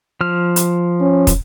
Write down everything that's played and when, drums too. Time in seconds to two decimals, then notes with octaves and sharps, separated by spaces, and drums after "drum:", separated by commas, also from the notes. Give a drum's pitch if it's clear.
0.21 F3 F6
0.56 drum: hi-hat
1.00 C#4
1.27 drum: kick, hi-hat